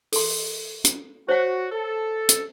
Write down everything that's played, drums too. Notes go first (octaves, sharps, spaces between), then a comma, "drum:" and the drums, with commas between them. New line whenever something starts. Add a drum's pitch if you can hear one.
A4 C6, drum: open hi-hat
drum: hi-hat
F#4 C5 C#5 F#5
A4
drum: hi-hat